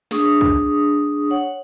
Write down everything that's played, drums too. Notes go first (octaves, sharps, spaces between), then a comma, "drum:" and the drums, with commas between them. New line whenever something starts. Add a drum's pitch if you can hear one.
D4 G#4 C#6 D#6, drum: snare
drum: kick
C#5 F#5